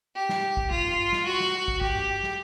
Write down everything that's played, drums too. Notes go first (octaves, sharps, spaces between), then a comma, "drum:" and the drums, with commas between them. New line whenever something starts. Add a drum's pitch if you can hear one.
G4
drum: snare
drum: kick
F4, drum: kick
drum: tom G2
drum: snare
F#4
drum: snare
drum: kick
G4, drum: kick
drum: tom G2
drum: snare